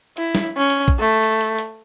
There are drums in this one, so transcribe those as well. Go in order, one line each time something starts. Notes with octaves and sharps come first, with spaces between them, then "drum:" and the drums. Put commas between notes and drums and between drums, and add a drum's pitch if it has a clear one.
E4, drum: hi-hat
drum: snare
C#4
drum: hi-hat
drum: kick A#1, hi-hat
A3
drum: hi-hat
drum: hi-hat
drum: hi-hat